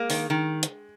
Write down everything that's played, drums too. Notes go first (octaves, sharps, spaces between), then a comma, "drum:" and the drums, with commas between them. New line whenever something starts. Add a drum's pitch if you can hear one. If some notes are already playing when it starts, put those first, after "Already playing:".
Already playing: G#3 A#3
D#3, drum: open hi-hat
D#3
drum: hi-hat